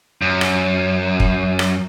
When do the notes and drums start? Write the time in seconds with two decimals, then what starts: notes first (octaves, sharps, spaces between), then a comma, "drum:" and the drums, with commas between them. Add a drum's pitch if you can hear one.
0.22 F#2
0.41 drum: rim click
1.20 drum: kick
1.59 drum: rim click